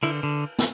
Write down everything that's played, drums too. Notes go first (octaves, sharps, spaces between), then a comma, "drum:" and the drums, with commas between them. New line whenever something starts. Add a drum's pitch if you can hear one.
D3 E4, drum: cymbal
D3
drum: snare